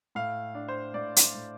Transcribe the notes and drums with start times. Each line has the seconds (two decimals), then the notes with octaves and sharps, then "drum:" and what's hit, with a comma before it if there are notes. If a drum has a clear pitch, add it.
0.15 A2 F5
0.55 D4
0.68 C5
0.94 A2 D5
1.16 drum: hi-hat
1.35 A2